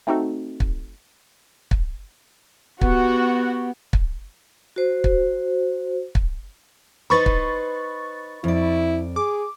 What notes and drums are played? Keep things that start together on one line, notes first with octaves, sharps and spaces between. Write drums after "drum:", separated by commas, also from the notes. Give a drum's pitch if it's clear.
A3 C4 D#4 F#4 A4
drum: kick
drum: kick
B3 F#4 G4, drum: kick
drum: kick
F#4 C5
drum: kick
drum: kick
D#4 B4 C5 B5 C#6 A6
drum: kick
F2 E4 D5
G#4 D6